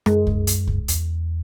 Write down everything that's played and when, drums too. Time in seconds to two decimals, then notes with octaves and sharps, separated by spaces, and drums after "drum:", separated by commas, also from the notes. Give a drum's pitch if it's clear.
0.06 F#2 G#3, drum: rim click
0.27 drum: kick C2
0.47 drum: hi-hat
0.67 drum: kick C2
0.88 E2, drum: hi-hat